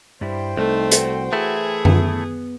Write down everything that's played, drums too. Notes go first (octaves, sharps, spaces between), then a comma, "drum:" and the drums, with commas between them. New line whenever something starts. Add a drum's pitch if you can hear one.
G2 G3 E4 C5 G5
C2 A3 D#4
F#4, drum: hi-hat
E3 A3 E4 G#4
B3, drum: tom F#2